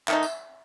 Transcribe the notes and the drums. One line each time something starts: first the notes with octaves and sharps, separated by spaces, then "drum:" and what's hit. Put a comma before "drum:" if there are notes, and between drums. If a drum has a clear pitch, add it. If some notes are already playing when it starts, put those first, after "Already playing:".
D#3 A3 D#4 E5, drum: clap
drum: tambourine